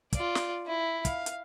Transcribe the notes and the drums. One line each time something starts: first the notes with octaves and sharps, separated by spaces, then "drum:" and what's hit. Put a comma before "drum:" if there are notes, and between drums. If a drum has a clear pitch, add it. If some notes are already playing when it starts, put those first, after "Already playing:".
F4 D5, drum: kick, hi-hat
drum: snare
E4
F5, drum: kick, hi-hat
drum: hi-hat